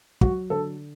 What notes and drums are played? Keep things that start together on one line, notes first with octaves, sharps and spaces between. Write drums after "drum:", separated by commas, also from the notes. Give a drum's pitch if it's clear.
F#3 F#4, drum: kick
D3 A4